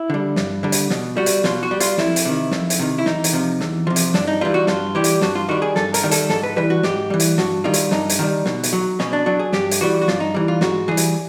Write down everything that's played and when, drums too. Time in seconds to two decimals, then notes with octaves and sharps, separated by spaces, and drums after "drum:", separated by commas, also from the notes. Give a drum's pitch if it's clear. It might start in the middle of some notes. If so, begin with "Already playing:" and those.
Already playing: E4
0.10 D3 G3
0.36 G2, drum: snare
0.63 D3 G3
0.72 drum: hi-hat
0.90 B2, drum: snare
1.17 G3 F#4
1.26 drum: hi-hat
1.44 B2 F4, drum: snare
1.63 F#4
1.71 G3
1.80 F4, drum: hi-hat
1.98 F2 E4, drum: snare
2.16 drum: hi-hat
2.25 C3 D#3
2.51 F2, drum: snare
2.70 drum: hi-hat
2.79 C3 D#3
2.98 E4
3.06 E2 D#4, drum: snare
3.24 drum: hi-hat
3.33 C3 F3
3.60 E2, drum: snare
3.87 C3 F3
3.96 drum: hi-hat
4.14 G2 D4, drum: snare
4.27 D#4
4.41 E3 G3 F4
4.54 F#4
4.67 G2 F4, drum: snare
4.95 E3 G3 G4
5.04 drum: hi-hat
5.21 G2 F#4, drum: snare
5.35 F4
5.49 D#3 G3 F#4
5.62 G#4
5.76 G2 A4, drum: snare
5.94 A#4, drum: hi-hat
6.03 D#3 G3
6.11 A4, drum: hi-hat
6.29 G#2 A4, drum: snare
6.43 B4
6.56 E3 G3 B4
6.70 F#4
6.83 G#2 G4, drum: snare
7.10 E3 G3
7.20 drum: hi-hat
7.38 G2 F#4, drum: snare
7.64 D#3 G3 F4
7.74 drum: hi-hat
7.91 G2 D#4, drum: snare
8.10 drum: hi-hat
8.19 D#3 G3
8.46 B2, drum: snare
8.63 drum: hi-hat
8.73 F#3
9.00 B2 C#4, drum: snare
9.13 D4
9.26 F#3 D4
9.39 G#4
9.53 G2 G4, drum: snare
9.71 drum: hi-hat
9.81 E3 G3 F#4
10.02 F#4
10.08 G2 F4, drum: snare
10.20 D#4
10.34 E3 G3
10.48 F4
10.61 G#2 F#4, drum: snare
10.88 E3 G3 G#4
10.97 drum: hi-hat